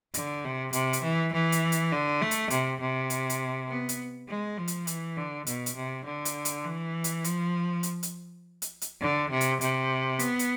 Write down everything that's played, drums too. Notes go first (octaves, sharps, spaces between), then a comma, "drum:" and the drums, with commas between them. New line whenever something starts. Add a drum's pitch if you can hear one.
D3, drum: hi-hat
C3
C3, drum: hi-hat
drum: hi-hat
E3
E3
drum: hi-hat
drum: hi-hat
D3
A3
drum: hi-hat
C3, drum: hi-hat
C3
drum: hi-hat
drum: hi-hat
B3
drum: hi-hat
G#3
F3
drum: hi-hat
E3, drum: hi-hat
D3
B2, drum: hi-hat
drum: hi-hat
C3
D3
drum: hi-hat
drum: hi-hat
E3
drum: hi-hat
F3, drum: hi-hat
drum: hi-hat
drum: hi-hat
drum: hi-hat
drum: hi-hat
D3
C3
drum: hi-hat
C3, drum: hi-hat
B3, drum: hi-hat
drum: hi-hat